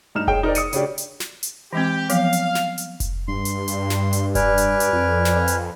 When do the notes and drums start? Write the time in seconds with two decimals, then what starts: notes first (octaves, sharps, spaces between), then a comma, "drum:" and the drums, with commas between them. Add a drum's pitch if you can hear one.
0.15 G2 D#4 F6 E7
0.27 G#4 C#5 D#5 G5, drum: kick F1
0.43 D#4 A#4 C5 D5
0.55 D#6 C#7 D#7, drum: hi-hat
0.73 C#3 C#4 D4 G4, drum: hi-hat
0.98 drum: hi-hat
1.20 drum: snare
1.43 drum: hi-hat
1.73 E3 G#3 C4 G4
2.09 F3 F#3 B3 F5, drum: hi-hat
2.33 drum: hi-hat
2.55 drum: snare
2.78 drum: hi-hat
3.00 drum: kick F1, hi-hat
3.28 G2 C6
3.45 drum: hi-hat
3.68 drum: hi-hat
3.90 drum: snare
4.13 drum: hi-hat
4.35 B4 D5 G#5 F6, drum: kick F1, hi-hat
4.58 drum: hi-hat
4.80 drum: hi-hat
4.93 F2
5.25 drum: snare
5.48 drum: hi-hat